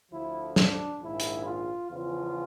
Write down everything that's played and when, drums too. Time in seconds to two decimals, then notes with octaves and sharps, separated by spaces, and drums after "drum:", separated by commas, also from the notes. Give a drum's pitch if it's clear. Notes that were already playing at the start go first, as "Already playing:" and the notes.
0.12 D2 D3 F3 E4
0.56 D4, drum: snare
1.01 A#1 G#2 D#3 E4
1.20 drum: hi-hat
1.45 F4
1.90 E2 C#3 F3 F4